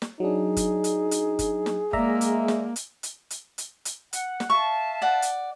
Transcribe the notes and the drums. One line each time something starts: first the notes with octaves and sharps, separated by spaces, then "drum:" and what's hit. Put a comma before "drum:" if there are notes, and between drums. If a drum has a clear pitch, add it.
drum: snare
F#3 D4 D#4 G#4
drum: kick F#1, hi-hat
drum: hi-hat
drum: hi-hat
drum: kick F#1, hi-hat
drum: snare
G#3 A#3 D5 E5 A#5, drum: kick F#1
drum: hi-hat
drum: snare
drum: hi-hat
drum: hi-hat
drum: hi-hat
drum: hi-hat
drum: hi-hat
F#5, drum: hi-hat
drum: snare
E5 F5 A5 C#6
D5 F#5
drum: hi-hat